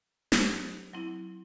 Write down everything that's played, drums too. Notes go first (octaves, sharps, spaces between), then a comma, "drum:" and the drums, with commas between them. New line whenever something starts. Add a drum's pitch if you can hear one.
F#3 A3 D#4 G4 C5, drum: snare
F#3 C4 E4